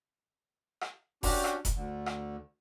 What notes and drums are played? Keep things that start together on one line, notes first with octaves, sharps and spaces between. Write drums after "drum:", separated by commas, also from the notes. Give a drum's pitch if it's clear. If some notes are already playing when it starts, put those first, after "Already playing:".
drum: rim click
C#4 D4 F#4 G4, drum: kick F1, open hi-hat
drum: rim click
drum: kick F1, hi-hat
D2 D3
drum: rim click